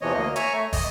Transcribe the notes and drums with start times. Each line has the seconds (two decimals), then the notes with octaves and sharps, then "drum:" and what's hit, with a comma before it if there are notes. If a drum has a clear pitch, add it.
0.01 E2 C3 E3 F3 C#5 D#5
0.14 D2 A#3 D#5
0.36 C#5 E5 G#5 A#5 C#6, drum: hi-hat
0.53 A3
0.73 D#5, drum: kick, open hi-hat